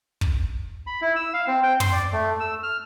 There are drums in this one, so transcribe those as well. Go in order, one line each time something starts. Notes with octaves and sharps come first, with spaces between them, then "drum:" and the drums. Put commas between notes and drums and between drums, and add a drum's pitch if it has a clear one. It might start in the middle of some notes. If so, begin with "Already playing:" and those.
drum: kick
B5
E4
E6
F5
C4
G5
C6, drum: tom
D5
A3
E6
F6